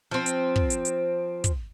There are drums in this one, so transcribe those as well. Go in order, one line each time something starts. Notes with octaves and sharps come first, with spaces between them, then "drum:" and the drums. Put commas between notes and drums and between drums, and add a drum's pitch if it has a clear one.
F3 C4
drum: hi-hat
drum: kick
drum: hi-hat
drum: hi-hat
drum: kick, hi-hat